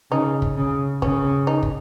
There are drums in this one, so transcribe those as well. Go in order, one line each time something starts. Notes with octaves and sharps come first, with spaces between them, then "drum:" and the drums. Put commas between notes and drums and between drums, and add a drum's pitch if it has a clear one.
C#3 D#4
drum: kick
C#3
C#3 C#4, drum: kick
D#4
drum: kick